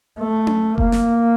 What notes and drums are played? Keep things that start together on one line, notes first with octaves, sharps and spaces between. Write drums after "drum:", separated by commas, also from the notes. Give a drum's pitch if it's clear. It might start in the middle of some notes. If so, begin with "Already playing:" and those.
A3
drum: tom C#4
A#3, drum: kick F1
drum: snare